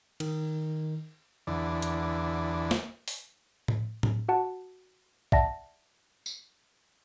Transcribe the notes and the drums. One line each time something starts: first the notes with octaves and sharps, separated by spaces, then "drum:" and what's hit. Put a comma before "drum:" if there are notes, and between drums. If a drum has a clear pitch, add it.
D#3, drum: cymbal
E2 D3
drum: hi-hat
drum: snare
drum: open hi-hat
drum: tom A2
drum: tom A2
F#4 F#5 A5
D5 E5 F#5 A5 A#6, drum: kick
drum: tambourine